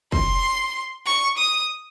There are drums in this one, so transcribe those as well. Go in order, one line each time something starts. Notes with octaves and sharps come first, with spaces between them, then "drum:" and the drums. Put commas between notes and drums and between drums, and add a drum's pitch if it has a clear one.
C6, drum: kick
C#6
D#6